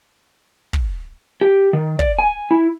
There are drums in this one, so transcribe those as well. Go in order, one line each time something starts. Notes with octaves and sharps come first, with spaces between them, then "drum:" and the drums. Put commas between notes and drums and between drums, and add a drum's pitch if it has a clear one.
drum: kick
G4
D#3
D5, drum: kick
G#5
E4